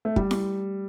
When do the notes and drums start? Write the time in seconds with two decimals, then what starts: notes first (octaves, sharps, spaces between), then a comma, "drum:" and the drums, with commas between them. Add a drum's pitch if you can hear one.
0.05 A3
0.16 G3, drum: kick
0.31 drum: snare E4